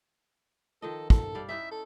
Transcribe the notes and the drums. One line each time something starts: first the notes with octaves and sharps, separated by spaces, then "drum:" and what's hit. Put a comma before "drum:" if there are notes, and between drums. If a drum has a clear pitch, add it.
D#3 F3 A4 D#5
A4, drum: kick
G3 D5 F5
C#4 D#4 E4 E5
A4